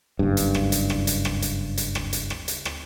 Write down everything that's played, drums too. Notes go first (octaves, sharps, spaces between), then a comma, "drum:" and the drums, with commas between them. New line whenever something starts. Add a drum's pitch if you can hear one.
F#1 G2
drum: hi-hat
drum: rim click
drum: hi-hat
drum: rim click
drum: hi-hat
drum: rim click
drum: hi-hat
drum: hi-hat
drum: rim click
drum: hi-hat
drum: rim click
drum: hi-hat
drum: rim click